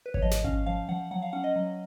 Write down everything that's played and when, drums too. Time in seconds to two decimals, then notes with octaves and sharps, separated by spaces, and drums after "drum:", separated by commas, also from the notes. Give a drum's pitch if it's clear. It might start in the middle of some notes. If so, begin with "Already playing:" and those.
0.06 B4
0.14 C#5, drum: kick G#1
0.22 F3 D#5
0.31 drum: snare
0.44 C#4 F5, drum: kick G#1
0.66 F3 F5
0.89 F3 F#5
1.11 F#3 F#5
1.22 F5
1.33 C#4 F#5
1.44 D#5
1.56 F#3